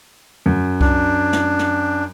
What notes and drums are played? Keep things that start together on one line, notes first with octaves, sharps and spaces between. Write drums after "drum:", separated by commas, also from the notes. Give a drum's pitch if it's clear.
F#2
D4, drum: kick C2
drum: snare
drum: snare